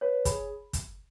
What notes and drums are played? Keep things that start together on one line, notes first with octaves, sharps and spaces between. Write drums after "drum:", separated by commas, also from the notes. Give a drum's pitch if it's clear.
B4 C#5
G#4 B5, drum: kick, hi-hat
drum: kick, hi-hat